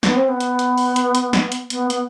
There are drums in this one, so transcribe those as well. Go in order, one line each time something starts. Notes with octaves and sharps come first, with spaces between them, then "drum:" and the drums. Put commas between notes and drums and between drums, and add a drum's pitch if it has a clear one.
B3, drum: snare
C4
B3
drum: hi-hat
drum: hi-hat
drum: open hi-hat
drum: hi-hat
drum: hi-hat
drum: snare
drum: hi-hat
B3, drum: hi-hat
B3, drum: hi-hat